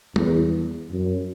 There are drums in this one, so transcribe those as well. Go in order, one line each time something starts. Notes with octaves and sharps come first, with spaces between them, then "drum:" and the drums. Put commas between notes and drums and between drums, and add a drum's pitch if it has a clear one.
E2, drum: tom
F#2